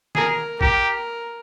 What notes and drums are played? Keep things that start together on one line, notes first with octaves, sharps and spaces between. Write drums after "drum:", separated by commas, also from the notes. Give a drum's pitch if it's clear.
G#4 A#4, drum: snare
G4 A#4, drum: kick A1